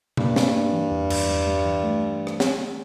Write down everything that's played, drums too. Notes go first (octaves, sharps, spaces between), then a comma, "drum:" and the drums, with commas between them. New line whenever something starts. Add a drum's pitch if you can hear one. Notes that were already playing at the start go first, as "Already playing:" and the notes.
G2 A#3, drum: tom
A#3, drum: snare
D4
E3
E2
E2, drum: cymbal
G3
G3
E3
A3
drum: rim click
drum: snare